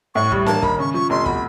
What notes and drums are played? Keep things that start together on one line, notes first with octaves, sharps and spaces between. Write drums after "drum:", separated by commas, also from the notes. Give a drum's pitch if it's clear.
A2 C#6
G3, drum: kick
A#3 A5, drum: snare
D#3 B5, drum: kick
C#3 C#6
F3 C#6
F1 C6
B2 B5, drum: kick